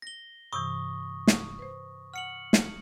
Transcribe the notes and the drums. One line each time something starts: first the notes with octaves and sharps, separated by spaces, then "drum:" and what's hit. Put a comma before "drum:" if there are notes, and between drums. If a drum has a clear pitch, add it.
A#6 G7
G2 C3 E3 C#6 D#6
drum: snare
B4 C5
F#5 F6 C#7 F#7
drum: snare